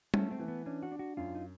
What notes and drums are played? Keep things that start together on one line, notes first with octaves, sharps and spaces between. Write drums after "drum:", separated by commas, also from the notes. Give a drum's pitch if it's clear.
A3 C#4, drum: tom G3
C4
E3
B3
C#4 D4
F#4
D4
F#4
F#2 F4
D#4